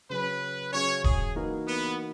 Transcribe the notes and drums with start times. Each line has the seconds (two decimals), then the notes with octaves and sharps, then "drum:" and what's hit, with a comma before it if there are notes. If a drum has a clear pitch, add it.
0.10 C#3 F#3 C#4 B4
0.73 C#3 F#3 C#4 C#5
1.04 G#4, drum: kick D#1
1.36 E3 A#3 D#4 F#4 A#4
1.67 B3